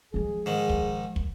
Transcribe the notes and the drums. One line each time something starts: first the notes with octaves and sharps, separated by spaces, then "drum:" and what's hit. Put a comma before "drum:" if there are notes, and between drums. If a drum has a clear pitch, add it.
F3 G#3 G#4
G#2 D#3
drum: kick
drum: kick